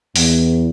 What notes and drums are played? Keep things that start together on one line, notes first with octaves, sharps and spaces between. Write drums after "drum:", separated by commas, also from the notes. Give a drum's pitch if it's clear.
E2, drum: open hi-hat